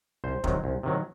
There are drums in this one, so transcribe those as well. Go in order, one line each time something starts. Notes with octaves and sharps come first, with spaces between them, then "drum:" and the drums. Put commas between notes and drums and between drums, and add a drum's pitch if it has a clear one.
C2 C5
C3 D#3 F#3, drum: kick
C2
C3 D#3 F#3